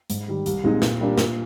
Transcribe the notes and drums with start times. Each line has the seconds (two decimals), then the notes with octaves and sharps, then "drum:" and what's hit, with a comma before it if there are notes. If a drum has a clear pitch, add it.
0.10 G#2, drum: hi-hat
0.28 D#3 G3
0.46 C2, drum: hi-hat
0.64 A#2 G#3 C4 D#4
0.82 A#2, drum: snare
1.00 G3 A#3 D4
1.18 A#2, drum: snare